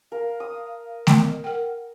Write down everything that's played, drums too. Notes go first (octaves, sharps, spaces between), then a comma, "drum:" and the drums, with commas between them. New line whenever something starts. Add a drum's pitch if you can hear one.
A#4 F5
D#6
D#5, drum: snare A3
A#4 F#5 G5